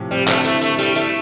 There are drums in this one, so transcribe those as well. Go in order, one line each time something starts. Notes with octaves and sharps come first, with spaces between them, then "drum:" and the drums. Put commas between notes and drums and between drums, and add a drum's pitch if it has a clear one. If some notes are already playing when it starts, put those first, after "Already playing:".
Already playing: A2 C3 F3 G4
G3 C4
D3 A3, drum: clap
A3 E4, drum: tambourine
D3 A3, drum: tambourine
G3 E4, drum: tambourine
A3 E4, drum: tambourine